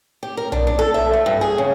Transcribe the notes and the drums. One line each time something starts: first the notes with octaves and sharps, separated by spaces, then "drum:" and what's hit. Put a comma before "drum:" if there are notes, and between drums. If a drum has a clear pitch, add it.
G4
A#4
D4, drum: tom B1
D4
A4
E5
A3
G2
G#4
C#3